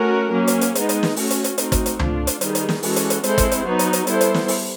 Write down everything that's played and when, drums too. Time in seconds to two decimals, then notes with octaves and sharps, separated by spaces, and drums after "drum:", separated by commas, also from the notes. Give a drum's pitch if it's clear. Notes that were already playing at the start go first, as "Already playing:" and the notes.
Already playing: A3 C#4 F#4 A#4
0.33 F#3 A#3 C#4
0.47 drum: hi-hat
0.61 drum: hi-hat
0.75 G#3 B3 D#4, drum: hi-hat
0.89 drum: hi-hat
1.03 drum: snare
1.16 A3 C#4 F#4, drum: open hi-hat
1.30 drum: hi-hat
1.44 drum: hi-hat
1.58 A3 C4 D#4 F#4, drum: hi-hat
1.72 drum: kick, hi-hat
1.86 drum: hi-hat
1.99 A3 D4 F4, drum: tom C#2
2.27 drum: hi-hat
2.41 D#3 G3 B3 D#4 G#4, drum: hi-hat
2.55 drum: hi-hat
2.69 drum: snare
2.83 E3 G#3 C#4 F#4 A4, drum: open hi-hat
2.96 drum: hi-hat
3.10 drum: hi-hat
3.24 G#3 C4 E4 A4 C5, drum: hi-hat
3.38 drum: kick, hi-hat
3.52 drum: hi-hat
3.65 F#3 B3 D#4 F#4
3.79 drum: hi-hat
3.93 drum: hi-hat
4.07 G3 B3 E4 A4 C5, drum: hi-hat
4.21 drum: hi-hat
4.34 drum: snare
4.48 drum: open hi-hat